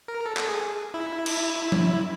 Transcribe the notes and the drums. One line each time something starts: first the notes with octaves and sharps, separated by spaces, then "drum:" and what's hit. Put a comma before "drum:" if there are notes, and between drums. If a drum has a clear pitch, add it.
A#4
A4
A4, drum: clap
G#4
E4
drum: cymbal
drum: tom F3